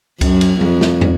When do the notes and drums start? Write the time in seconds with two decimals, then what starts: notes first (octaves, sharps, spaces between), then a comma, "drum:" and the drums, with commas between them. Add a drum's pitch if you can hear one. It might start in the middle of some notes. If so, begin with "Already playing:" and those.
0.21 F#2, drum: kick C#2, cymbal
0.41 drum: cymbal
0.61 F2, drum: tom F#3
0.81 drum: snare
1.01 drum: tom